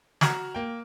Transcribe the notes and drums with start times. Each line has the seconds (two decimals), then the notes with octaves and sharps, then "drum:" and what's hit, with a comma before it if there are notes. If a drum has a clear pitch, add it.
0.21 F#4 A#5 F6 G#6 F#7, drum: snare
0.55 A#3 G5